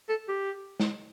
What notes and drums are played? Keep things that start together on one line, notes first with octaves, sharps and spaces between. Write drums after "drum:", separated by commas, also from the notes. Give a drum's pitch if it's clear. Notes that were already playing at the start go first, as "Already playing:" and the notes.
A4
G4
drum: snare